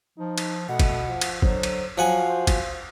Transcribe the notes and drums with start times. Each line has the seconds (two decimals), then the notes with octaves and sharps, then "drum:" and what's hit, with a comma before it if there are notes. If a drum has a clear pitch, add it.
0.18 F3 D#4
0.38 drum: cymbal
0.69 B2 A3 F#5
0.79 drum: kick, cymbal
1.07 F3
1.21 drum: cymbal
1.42 D3 F#3 C5, drum: kick
1.63 drum: cymbal
1.98 F3 F#3 F#4 F5 F#5 G#5
2.29 C5
2.47 drum: kick, cymbal